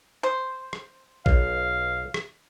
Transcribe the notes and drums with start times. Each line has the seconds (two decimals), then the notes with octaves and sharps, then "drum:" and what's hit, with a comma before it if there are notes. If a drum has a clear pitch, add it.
0.23 C5
0.73 drum: rim click
1.26 B1 F5, drum: kick A1
2.14 drum: rim click